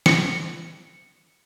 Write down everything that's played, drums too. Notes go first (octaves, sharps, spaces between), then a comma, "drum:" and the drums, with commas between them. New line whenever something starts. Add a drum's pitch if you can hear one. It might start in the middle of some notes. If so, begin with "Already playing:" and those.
C#7, drum: snare